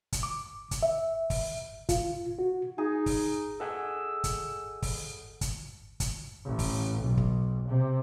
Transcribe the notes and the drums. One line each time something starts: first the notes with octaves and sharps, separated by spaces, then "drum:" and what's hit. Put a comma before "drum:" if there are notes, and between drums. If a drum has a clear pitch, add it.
drum: kick, hi-hat
D6
drum: kick, hi-hat
E5
drum: kick, open hi-hat
F4, drum: kick, hi-hat
F#4
D#4 G#4
drum: kick, open hi-hat
A4 D#5 F#5 G#5 E6
drum: kick, hi-hat
drum: kick, open hi-hat
drum: kick, hi-hat
drum: kick, hi-hat
A1
drum: kick, open hi-hat
B1
drum: kick
C3